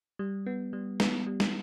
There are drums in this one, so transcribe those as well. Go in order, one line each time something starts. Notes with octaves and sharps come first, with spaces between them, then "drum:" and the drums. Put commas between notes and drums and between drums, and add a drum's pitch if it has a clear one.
G3
B3
G3
B3, drum: snare
G3
drum: snare